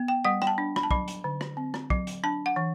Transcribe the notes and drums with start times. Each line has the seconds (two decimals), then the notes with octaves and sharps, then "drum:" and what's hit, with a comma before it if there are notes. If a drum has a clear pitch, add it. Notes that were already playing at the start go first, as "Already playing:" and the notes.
Already playing: B3
0.08 G5
0.25 G3 F#5
0.42 G5, drum: rim click
0.47 A5
0.58 D4
0.76 B5, drum: rim click
0.83 A5
0.91 F#3 B5, drum: kick
1.08 drum: hi-hat
1.24 D3
1.41 drum: rim click
1.57 C4
1.74 drum: rim click
1.90 F#3, drum: kick
2.07 drum: hi-hat
2.24 D4 A5
2.46 F#5
2.56 E3